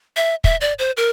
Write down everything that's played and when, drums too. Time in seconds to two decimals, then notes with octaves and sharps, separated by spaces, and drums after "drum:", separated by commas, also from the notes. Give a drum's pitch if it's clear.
0.16 E5
0.44 E5, drum: kick
0.61 D5
0.79 C5
0.97 A#4